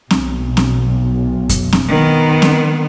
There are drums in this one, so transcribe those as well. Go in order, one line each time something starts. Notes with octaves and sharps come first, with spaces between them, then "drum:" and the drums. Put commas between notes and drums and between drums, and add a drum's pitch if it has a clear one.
B1, drum: snare
drum: snare
drum: kick F#2, hi-hat
drum: snare
D#3 B3
drum: snare